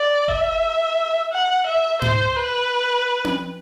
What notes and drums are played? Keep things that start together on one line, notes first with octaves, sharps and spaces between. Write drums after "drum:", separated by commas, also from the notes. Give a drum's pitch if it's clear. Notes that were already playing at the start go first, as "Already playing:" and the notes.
Already playing: D5
E5, drum: kick F#1
F#5
E5
C5, drum: tom G#2
B4
drum: tom C4